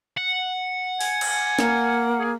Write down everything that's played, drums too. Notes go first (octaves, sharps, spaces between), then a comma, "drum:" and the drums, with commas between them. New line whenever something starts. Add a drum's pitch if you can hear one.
F#5
G#5, drum: open hi-hat
drum: cymbal
A#3, drum: snare
G#4